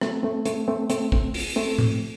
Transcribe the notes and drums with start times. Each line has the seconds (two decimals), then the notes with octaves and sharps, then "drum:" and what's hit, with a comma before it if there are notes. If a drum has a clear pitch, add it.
0.01 A3 C4, drum: rim click
0.23 A3 C4
0.45 A3 C4, drum: hi-hat
0.68 A3 C4
0.90 A3 C4, drum: hi-hat
1.12 A3 C4, drum: kick
1.34 drum: open hi-hat
1.56 A3 C4
1.78 drum: tom A2